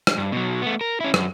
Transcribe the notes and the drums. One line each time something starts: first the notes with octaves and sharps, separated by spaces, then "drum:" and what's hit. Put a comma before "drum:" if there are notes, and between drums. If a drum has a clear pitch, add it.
drum: rim click
G2
B2 F#3
A3 B3
A#4
C#4 E4
F#2, drum: rim click